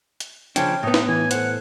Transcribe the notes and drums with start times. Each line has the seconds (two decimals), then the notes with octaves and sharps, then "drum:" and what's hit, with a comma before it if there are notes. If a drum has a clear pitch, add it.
0.20 drum: hi-hat
0.56 C#3 F3 C#4 D4 G5 C#7, drum: hi-hat
0.83 A2 B3 D#4
0.94 drum: snare
1.09 E3 G#5
1.31 A4 C5 F#5, drum: hi-hat